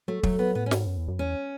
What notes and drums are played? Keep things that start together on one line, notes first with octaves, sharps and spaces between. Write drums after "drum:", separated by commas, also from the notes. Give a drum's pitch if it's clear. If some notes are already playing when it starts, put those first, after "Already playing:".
F#3 A3
F#3 A3, drum: kick
B3
A2 B3
C#4
G#2, drum: snare
F#2
E2
F#2
E2 C#4